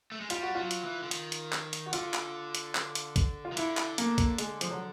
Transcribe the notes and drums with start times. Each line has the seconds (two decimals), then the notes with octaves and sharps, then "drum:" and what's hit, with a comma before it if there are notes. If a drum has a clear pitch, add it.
0.12 A3
0.21 G#3
0.30 G3 F4, drum: hi-hat
0.43 F#4
0.55 F#3 F4
0.71 drum: hi-hat
0.84 E3
1.03 D3
1.11 D#3, drum: hi-hat
1.32 drum: hi-hat
1.52 drum: clap
1.73 drum: hi-hat
1.86 F#4
1.93 D3 F4, drum: hi-hat
2.14 drum: clap
2.55 drum: hi-hat
2.75 drum: clap
2.95 drum: hi-hat
3.16 drum: kick, hi-hat
3.45 F4
3.52 D#3
3.57 D3 E4, drum: hi-hat
3.77 drum: clap
3.98 A#3, drum: hi-hat
4.18 drum: kick, hi-hat
4.38 G#3, drum: hi-hat
4.61 F3, drum: hi-hat
4.70 F#3